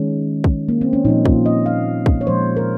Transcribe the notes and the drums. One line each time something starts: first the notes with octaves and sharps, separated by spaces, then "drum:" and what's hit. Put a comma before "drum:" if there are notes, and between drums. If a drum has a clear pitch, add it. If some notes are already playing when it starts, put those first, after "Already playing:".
Already playing: D#3 G#3 C#4
drum: kick
A#3
C4
C#4
A#2 F3 A#3 D#4
F4, drum: kick
D#5
F5
drum: kick
C#5
A#2 F3 G#3 C5
A#4